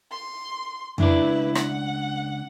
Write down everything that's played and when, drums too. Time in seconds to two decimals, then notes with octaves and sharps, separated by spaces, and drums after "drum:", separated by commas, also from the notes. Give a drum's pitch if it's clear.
0.11 C6
0.98 C#2 D4 E4 B4 D5, drum: tom F2
1.55 F#5, drum: rim click